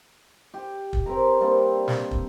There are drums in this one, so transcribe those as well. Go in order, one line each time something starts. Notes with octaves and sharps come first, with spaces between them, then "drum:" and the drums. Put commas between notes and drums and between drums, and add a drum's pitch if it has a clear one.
G4
drum: kick
C4 A#4 B4 A#5
G3 A#3 C4 D4
drum: snare
drum: kick